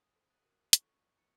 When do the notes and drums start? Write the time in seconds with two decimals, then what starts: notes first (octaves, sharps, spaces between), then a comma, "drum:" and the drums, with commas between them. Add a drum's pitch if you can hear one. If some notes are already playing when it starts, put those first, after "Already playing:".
Already playing: D#6
0.15 A4 C5
0.30 F#6 A6 D#7 F#7
0.44 F#4 A#4
0.73 F4 A4 C#6, drum: hi-hat
1.17 A6 C#7